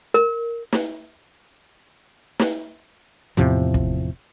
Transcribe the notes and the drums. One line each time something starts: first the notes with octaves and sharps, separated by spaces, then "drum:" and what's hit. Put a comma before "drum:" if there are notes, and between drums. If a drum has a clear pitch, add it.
A#4, drum: hi-hat
drum: snare
drum: snare
E2 A2 C3 F3, drum: hi-hat
drum: kick